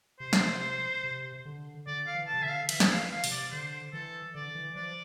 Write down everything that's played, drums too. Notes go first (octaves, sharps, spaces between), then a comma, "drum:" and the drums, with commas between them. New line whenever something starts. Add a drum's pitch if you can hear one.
C3 C5
drum: snare
C3
D3
D3 D5
F5
E3
A5
C3
D3 E5
F5
E3 E5, drum: cymbal
drum: snare
F5
E3
F5
C3, drum: open hi-hat
D5
D3 C5
E3 A4
D3 D5
E3
F3 D5